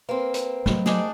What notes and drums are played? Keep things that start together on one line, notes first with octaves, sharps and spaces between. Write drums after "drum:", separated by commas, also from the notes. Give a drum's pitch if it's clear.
A#3 C4 B4
drum: hi-hat
F#3 A3, drum: snare
D4 D#4 G#4, drum: snare